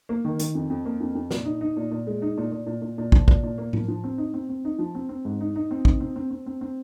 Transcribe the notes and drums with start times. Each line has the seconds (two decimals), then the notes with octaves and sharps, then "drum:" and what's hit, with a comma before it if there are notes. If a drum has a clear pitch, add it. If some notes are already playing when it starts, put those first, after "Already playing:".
0.09 A#3
0.25 D#3
0.39 D#3, drum: hi-hat
0.55 F2
0.70 F2
0.85 A#3
1.00 F2
1.15 F2
1.31 A#2, drum: snare
1.45 D#4
1.61 D#4
1.76 A#2
1.91 A#2
2.07 G#3
2.22 D#4
2.37 A#2
2.52 A#2
2.66 A#2
2.82 A#2
2.98 A#2
3.12 F3, drum: kick
3.28 A#2, drum: kick
3.43 A#2
3.58 A#3
3.73 F3, drum: tom A2
3.88 F3
4.04 C4
4.18 D#4
4.34 C4
4.49 C4
4.65 D#4
4.79 F3
4.95 C4
5.09 C4
5.25 G#2
5.40 D#4
5.56 D#4
5.71 C4
5.85 D#4, drum: kick
6.00 C4
6.16 C4
6.31 C4
6.46 C4
6.61 C4